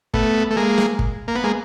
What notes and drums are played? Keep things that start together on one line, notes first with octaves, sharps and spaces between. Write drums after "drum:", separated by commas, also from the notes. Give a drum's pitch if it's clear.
A3 B3, drum: kick
A3
G#3 A#3
drum: snare
drum: kick
A#3
B3
G#3 A#3